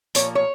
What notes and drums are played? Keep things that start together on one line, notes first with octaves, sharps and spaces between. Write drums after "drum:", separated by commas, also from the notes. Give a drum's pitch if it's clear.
A#2 F3 A#3 C#5, drum: hi-hat
C#5